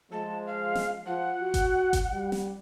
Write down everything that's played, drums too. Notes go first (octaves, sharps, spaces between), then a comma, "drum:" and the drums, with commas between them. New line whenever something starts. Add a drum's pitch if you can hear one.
F3 G#3 A5
F5
drum: snare
F3 F#5
F#4
drum: kick G1, hi-hat
drum: kick G1, hi-hat
G3
drum: snare